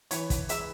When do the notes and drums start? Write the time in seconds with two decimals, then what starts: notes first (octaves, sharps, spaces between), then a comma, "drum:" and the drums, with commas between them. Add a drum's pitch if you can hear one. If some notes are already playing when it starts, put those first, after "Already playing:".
0.11 E3 C#5, drum: hi-hat
0.30 drum: kick, hi-hat
0.49 G#3 E5, drum: hi-hat